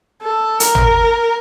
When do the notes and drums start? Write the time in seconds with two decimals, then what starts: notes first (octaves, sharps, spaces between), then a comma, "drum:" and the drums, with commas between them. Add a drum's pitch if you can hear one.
0.22 A4
0.60 A#4, drum: hi-hat
0.75 drum: tom G#1